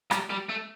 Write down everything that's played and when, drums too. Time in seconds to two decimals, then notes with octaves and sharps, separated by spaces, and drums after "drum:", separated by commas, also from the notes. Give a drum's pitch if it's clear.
0.11 G3, drum: rim click
0.30 G3
0.49 A3